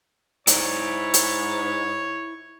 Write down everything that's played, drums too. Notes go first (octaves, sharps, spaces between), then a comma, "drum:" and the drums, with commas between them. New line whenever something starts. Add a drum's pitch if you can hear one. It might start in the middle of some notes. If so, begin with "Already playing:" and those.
G#2 E4 C#5 D5, drum: hi-hat
drum: hi-hat